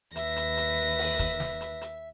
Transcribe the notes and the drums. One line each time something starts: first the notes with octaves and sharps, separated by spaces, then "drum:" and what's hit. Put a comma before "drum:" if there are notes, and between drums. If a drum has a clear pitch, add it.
D#2 B4 E5 A#6, drum: hi-hat
drum: hi-hat
drum: hi-hat
drum: open hi-hat
drum: kick, hi-hat
drum: snare
drum: hi-hat
drum: hi-hat